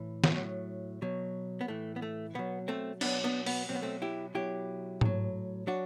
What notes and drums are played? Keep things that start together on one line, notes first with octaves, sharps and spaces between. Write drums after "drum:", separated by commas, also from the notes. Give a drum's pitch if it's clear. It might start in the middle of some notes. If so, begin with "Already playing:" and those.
Already playing: A2 E3
drum: snare
A2 F#3
B2 F#3
B3
A2 E3 A3
B3
A3
B2 F#3 B3
A3 C4
B2 F#3 B3 D4, drum: cymbal
B3 D4
B3, drum: open hi-hat
B2 F#3 C4
B3
A3 C4
E4 G4
B2 F#3 E4 G4
A2 F#3, drum: tom G#2
F#3 D4 F#4